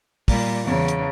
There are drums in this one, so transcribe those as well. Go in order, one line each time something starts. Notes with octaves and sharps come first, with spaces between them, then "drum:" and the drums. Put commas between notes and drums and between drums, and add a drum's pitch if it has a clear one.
A#2 G3, drum: kick, open hi-hat
E2 C#3
drum: hi-hat